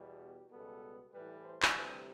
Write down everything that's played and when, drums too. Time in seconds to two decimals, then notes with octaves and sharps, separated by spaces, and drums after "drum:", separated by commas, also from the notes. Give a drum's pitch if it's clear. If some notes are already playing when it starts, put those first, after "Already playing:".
Already playing: E2 B2 G3
0.21 G4
0.52 C#2 B2 G3 B3 A4
1.13 A2 E3 G3 B4
1.44 C5
1.63 drum: clap
1.74 D2 C3 E3 G3 B4